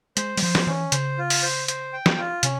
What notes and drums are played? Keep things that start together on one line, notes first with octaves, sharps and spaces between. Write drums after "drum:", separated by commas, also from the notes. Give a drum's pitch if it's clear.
G#3 C5, drum: hi-hat
G3, drum: open hi-hat
F3 C5
drum: snare
E3 C#4
C#3 C5, drum: hi-hat
F4
drum: open hi-hat
C5
C5, drum: hi-hat
G5
drum: snare
F4
C3 C#4, drum: hi-hat